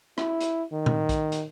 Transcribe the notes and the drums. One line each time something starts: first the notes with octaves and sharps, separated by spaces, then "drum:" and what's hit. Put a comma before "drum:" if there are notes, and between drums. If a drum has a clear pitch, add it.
E4, drum: rim click
drum: hi-hat
D#3
drum: tom A#2
drum: kick B1, hi-hat
drum: hi-hat